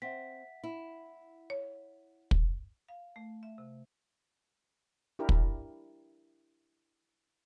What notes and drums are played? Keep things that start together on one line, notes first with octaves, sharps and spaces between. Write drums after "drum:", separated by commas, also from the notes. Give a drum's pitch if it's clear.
C4 E5 F#5 B6
E4
C#5
drum: kick
F5
A3
E5
C3
D4 E4 G4 A#4
drum: kick